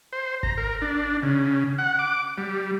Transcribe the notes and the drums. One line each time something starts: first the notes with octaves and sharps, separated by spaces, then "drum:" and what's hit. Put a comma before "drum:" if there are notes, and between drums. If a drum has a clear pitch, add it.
C5
A#5, drum: kick G#1
A#4
D4
C#3
F#5
D6
G3